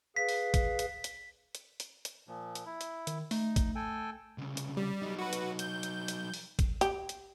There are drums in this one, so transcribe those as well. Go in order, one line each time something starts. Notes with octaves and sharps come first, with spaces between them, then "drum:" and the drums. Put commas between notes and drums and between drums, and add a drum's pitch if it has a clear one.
G#4 B4 F5 B6
drum: open hi-hat
drum: kick A1, hi-hat
drum: hi-hat
drum: hi-hat
drum: hi-hat
drum: hi-hat
drum: hi-hat
A#2 F3
drum: hi-hat
E4
drum: hi-hat
D#3, drum: hi-hat
A3 D#4, drum: open hi-hat
drum: kick A1, hi-hat
A4 G5 G#5
C2 C#3
drum: hi-hat
G3
F#3 D#4
F#4 B4
drum: hi-hat
G6, drum: hi-hat
drum: hi-hat
drum: hi-hat
drum: open hi-hat
drum: kick A1, hi-hat
G4, drum: hi-hat
drum: hi-hat